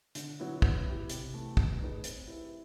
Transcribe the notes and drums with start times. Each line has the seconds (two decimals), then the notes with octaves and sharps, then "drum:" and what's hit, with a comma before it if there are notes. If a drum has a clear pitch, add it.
0.15 D3, drum: hi-hat
0.40 F#3 B3 E4
0.62 B3, drum: kick
0.86 E4 G4
1.09 C3, drum: hi-hat
1.34 E3 A3
1.57 B3, drum: kick
1.81 D#4 G#4 B4
2.04 C4, drum: hi-hat
2.27 E4 G4 B4 E5